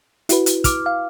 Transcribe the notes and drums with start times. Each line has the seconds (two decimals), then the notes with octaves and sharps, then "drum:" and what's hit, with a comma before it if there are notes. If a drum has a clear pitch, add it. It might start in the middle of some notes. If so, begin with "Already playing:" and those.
0.29 E4 F#4 B4, drum: hi-hat
0.46 drum: hi-hat
0.64 D6 F6, drum: kick, hi-hat
0.86 F5